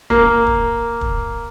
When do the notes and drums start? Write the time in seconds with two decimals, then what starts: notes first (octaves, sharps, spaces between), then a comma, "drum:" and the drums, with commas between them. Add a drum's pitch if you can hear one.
0.10 A#3, drum: kick
0.47 drum: kick
1.01 drum: kick